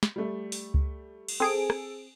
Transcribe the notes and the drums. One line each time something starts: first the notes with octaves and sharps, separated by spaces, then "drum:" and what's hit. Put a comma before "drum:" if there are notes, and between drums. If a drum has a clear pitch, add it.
drum: snare
G3 A3
drum: open hi-hat
drum: kick C#2
drum: cymbal
C4 G#4 A4 D7
drum: rim click